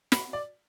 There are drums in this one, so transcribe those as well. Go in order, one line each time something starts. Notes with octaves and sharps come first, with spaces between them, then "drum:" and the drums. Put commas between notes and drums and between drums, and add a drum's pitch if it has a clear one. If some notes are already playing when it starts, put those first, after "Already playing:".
B5, drum: snare
D5